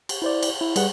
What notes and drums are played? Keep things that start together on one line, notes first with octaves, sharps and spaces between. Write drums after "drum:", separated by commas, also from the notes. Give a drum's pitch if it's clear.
drum: cymbal
E4 C5 D5
drum: cymbal
E4
G3 G#4 B4 F#5, drum: cymbal